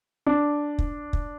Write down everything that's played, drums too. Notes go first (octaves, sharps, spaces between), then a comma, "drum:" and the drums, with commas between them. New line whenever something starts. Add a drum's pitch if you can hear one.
D4
drum: kick
drum: kick